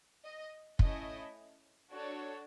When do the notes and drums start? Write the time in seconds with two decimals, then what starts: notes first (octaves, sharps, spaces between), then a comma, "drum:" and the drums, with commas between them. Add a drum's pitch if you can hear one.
0.24 D#5
0.79 A3 C#4 E4 D#5, drum: kick
1.91 D4 F#4 A4 C#5